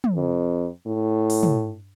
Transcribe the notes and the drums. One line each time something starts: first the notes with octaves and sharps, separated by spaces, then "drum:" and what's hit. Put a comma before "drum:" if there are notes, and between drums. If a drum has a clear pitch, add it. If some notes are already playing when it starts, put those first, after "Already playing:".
drum: tom
F2
A2
drum: open hi-hat
drum: tom